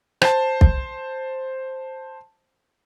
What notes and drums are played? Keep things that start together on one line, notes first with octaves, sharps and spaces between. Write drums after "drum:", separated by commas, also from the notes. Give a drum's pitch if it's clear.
C5 A5, drum: rim click
drum: kick